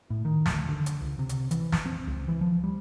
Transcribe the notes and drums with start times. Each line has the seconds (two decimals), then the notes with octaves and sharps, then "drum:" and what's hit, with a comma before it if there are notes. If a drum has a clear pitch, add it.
0.10 A2
0.25 D#3
0.46 D2, drum: snare
0.69 D3
0.86 drum: hi-hat
1.01 C#2
1.19 C3
1.29 drum: hi-hat
1.51 E3, drum: hi-hat
1.72 drum: snare
1.86 C4
2.07 C#2
2.28 E3
2.41 F3
2.64 G3